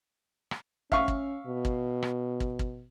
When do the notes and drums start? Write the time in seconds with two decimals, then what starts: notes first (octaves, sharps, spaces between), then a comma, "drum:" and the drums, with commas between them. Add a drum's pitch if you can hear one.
0.51 drum: rim click
0.92 C#4 E5 F5 C#6, drum: kick
1.08 drum: kick
1.46 B2
1.65 drum: kick
2.03 drum: rim click
2.40 drum: kick
2.59 drum: kick